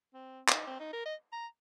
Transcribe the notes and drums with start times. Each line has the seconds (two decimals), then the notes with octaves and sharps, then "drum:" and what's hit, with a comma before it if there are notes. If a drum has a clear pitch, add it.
0.14 C4
0.48 C4, drum: clap
0.54 D#4
0.67 C4
0.80 D#4
0.93 A#4
1.05 D#5
1.32 A#5